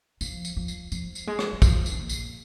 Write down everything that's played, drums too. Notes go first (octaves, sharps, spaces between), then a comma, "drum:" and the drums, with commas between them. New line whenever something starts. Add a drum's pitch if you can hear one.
F3, drum: tambourine
drum: tambourine
F3
drum: tambourine
F3, drum: tambourine
drum: tambourine
G#3
drum: rim click
G#3
F3, drum: kick, tambourine
drum: tambourine
A#2
drum: tambourine